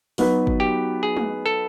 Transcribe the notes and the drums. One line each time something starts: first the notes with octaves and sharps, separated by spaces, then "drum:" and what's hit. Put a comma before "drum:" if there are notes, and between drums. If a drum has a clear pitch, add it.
F#3 B3 D#4 F#4 B4, drum: open hi-hat
drum: kick
G4
G#4
drum: tom G#3
A4